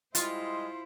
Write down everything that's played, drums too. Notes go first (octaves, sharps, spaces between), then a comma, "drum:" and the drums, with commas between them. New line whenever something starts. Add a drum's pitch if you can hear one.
G3 G#3 E4 F4 C5 D#5 C6, drum: hi-hat